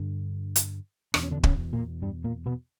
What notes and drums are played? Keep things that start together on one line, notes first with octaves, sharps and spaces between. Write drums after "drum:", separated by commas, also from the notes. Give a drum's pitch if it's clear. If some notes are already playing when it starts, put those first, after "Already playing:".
Already playing: G2 D3
drum: hi-hat
E2 B2 D4, drum: rim click
C#4
D3 D4
C#3 C#4, drum: kick
A#2 A#3
G2 G3
A#2 A#3
B2 B3